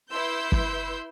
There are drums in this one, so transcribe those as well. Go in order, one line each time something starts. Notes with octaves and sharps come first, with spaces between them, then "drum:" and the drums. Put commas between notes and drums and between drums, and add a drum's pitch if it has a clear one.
E4 B4 C6 E6 G6
drum: kick